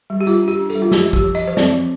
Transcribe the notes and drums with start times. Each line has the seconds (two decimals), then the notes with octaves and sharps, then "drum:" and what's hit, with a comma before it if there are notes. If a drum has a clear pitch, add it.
0.10 G3
0.20 G4
0.27 G3 F4, drum: tambourine
0.43 D4
0.48 G4, drum: tambourine
0.59 D4
0.70 A4, drum: tambourine
0.75 G3
0.82 F4
0.91 F3 G4, drum: snare
1.08 F3
1.13 G4, drum: kick
1.24 F3
1.35 D#5, drum: tambourine
1.40 F3
1.48 C5
1.57 C4 D5, drum: snare
1.73 F3